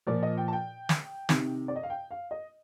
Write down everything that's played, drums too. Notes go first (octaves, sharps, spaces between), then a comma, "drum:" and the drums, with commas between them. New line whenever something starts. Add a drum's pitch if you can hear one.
A#2 F3 D5
D#5
G5
A5
G5
drum: snare
C3 D#3, drum: snare
D5
D#5
F5
G5
F5
D#5